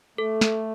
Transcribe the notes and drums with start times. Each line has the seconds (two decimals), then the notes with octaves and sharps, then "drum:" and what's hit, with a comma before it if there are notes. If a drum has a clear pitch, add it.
0.18 A3 A4
0.41 drum: snare